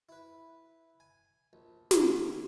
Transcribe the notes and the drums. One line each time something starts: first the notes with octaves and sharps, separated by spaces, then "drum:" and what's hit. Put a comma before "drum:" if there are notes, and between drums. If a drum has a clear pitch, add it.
E4 B4
G#5
A#1
A#2 D3 G3, drum: snare